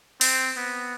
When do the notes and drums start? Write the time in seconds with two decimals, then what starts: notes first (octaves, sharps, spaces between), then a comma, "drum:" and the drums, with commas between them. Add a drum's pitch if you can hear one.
0.21 C4, drum: open hi-hat
0.57 B3